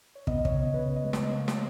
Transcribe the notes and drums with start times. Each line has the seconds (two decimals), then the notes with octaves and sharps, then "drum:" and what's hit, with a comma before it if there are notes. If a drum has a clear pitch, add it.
0.15 C#5
0.27 B3 D#5, drum: kick
0.45 C#5, drum: kick
0.54 C#3
0.62 D#5
0.74 B4
0.79 C#3 C#5
0.96 D#5
1.04 G#3
1.13 C#5, drum: snare
1.30 A#3 C#5
1.48 drum: snare